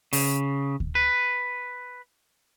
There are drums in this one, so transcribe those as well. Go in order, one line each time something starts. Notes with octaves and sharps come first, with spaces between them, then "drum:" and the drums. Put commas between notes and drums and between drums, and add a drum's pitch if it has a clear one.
C#3, drum: open hi-hat
drum: kick D2
B4